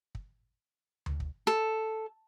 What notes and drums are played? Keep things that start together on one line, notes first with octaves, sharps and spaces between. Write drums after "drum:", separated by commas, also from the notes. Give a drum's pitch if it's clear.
drum: kick
drum: tom D2
drum: kick
A4